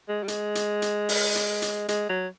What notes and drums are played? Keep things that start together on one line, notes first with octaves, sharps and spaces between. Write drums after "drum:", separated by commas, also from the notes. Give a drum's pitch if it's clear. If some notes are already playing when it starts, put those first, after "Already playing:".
G#3
G3
G#3, drum: hi-hat
drum: hi-hat
drum: hi-hat
drum: open hi-hat
drum: hi-hat
drum: hi-hat
G#3, drum: hi-hat
F#3